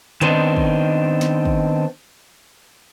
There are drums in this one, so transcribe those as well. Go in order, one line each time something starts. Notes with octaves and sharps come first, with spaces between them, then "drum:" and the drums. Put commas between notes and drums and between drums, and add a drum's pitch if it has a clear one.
D#3 B3 C4 D4 D#4, drum: hi-hat
drum: kick
drum: snare
drum: kick